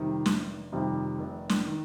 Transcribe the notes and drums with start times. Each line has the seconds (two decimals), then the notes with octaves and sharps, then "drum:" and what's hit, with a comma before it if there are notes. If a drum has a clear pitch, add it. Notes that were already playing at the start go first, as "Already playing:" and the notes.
Already playing: F2 C3 D#3 G3
0.26 F1, drum: snare
0.72 F2 C3 D#3 G3
1.19 F1
1.49 drum: snare
1.65 D#3